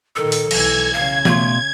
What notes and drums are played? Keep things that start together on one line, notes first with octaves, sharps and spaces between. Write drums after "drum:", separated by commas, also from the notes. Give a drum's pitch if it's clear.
A#2 D#3 A4
drum: open hi-hat
B1 E3 G#6, drum: cymbal
C#3 F5
B2 A3 F5 C6, drum: tom E3